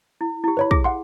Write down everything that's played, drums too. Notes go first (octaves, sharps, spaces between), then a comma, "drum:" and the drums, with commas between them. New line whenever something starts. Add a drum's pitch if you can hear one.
E4
E4 G4
B4 C#5 B5
G#4 D6 A#6, drum: kick
F5 F#5 C6